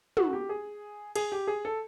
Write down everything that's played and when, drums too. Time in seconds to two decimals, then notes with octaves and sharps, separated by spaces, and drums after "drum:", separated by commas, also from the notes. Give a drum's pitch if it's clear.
0.17 F#4, drum: tom
0.33 G4
0.49 G#4
1.16 G#4, drum: cymbal
1.32 G4
1.47 G#4
1.65 A4